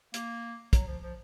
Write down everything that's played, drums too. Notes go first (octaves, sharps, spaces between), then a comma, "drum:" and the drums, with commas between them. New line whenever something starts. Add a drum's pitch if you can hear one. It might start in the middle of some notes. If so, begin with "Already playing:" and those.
A#3, drum: hi-hat
F#3, drum: kick, hi-hat
F3
F3